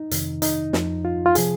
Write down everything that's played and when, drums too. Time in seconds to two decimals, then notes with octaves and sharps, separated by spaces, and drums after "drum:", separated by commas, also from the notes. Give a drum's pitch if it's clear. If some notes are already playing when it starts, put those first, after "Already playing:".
Already playing: D#4
0.11 F2 C3 D#3, drum: hi-hat
0.42 D#4, drum: hi-hat
0.73 F2 F3, drum: snare
1.05 F4
1.26 F4
1.35 C3 F3 G#4, drum: hi-hat